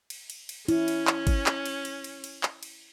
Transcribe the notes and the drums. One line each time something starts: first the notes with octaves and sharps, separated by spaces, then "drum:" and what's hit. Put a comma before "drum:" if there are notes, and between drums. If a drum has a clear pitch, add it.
drum: cymbal
drum: cymbal
drum: cymbal
C#4 E4, drum: cymbal
drum: cymbal
drum: clap
drum: kick G#1, cymbal
drum: clap
drum: cymbal
drum: cymbal
drum: cymbal
drum: cymbal
drum: clap
drum: cymbal